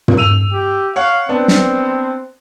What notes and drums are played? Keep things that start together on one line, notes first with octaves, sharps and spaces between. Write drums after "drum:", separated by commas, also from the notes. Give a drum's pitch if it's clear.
drum: tom
E6 D#7 F7
G4
C#5 F5 F#5
B3 C4 D4
drum: snare